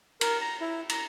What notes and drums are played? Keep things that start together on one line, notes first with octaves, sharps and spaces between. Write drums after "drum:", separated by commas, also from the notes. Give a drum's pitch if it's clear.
A#4, drum: cymbal
A#5
E4
A#5, drum: cymbal